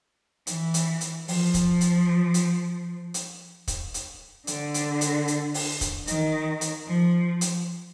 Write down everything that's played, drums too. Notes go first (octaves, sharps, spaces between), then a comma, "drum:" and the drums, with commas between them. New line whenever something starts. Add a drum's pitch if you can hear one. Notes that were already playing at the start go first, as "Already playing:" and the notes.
E3, drum: hi-hat
drum: hi-hat
drum: hi-hat
F3, drum: open hi-hat
drum: kick, hi-hat
drum: hi-hat
drum: hi-hat
drum: hi-hat
drum: kick, hi-hat
drum: hi-hat
D3, drum: hi-hat
drum: hi-hat
drum: hi-hat
drum: hi-hat
drum: open hi-hat
drum: kick, hi-hat
D#3, drum: hi-hat
drum: hi-hat
F3
drum: hi-hat